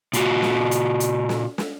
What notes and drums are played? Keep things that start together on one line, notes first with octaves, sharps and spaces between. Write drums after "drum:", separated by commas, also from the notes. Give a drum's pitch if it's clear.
A#2 F4 F#4, drum: hi-hat
drum: snare
drum: hi-hat
drum: hi-hat
drum: snare
drum: snare